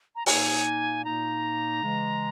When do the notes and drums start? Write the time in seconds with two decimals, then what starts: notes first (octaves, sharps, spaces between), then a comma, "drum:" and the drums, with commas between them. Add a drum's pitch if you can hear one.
0.16 A#5
0.26 A#2 A#3 D#4 G#5, drum: open hi-hat
1.04 A#2 A#3 D#4 A#5
1.82 C#3 E3 G#3